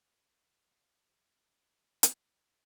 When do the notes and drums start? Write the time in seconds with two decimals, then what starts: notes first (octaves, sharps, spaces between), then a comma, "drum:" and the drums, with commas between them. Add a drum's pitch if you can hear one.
0.04 A3
0.17 A#3
0.44 A#3
0.64 B3
1.23 A#3
2.03 drum: hi-hat
2.38 A3
2.43 A#3